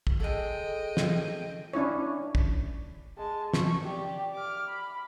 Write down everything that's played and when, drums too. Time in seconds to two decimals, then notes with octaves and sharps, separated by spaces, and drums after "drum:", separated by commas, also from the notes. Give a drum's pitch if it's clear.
0.07 drum: kick
0.20 G#3 A4 D#5 G5
0.97 drum: snare
1.73 C#4 D4 E4 C#5
2.35 drum: kick
3.17 G#3 A5
3.54 C#6, drum: snare
3.84 G4 D5
4.34 D6 F6
4.69 B5